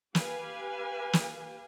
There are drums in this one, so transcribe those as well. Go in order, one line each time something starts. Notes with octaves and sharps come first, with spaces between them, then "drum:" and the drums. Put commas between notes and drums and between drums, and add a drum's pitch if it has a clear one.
G4 B4 F5 G#5, drum: snare
drum: snare